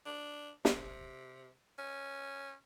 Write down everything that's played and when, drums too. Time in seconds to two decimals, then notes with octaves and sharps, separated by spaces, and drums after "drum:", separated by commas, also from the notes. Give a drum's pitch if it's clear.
0.05 D4
0.65 C3, drum: snare
1.78 C#4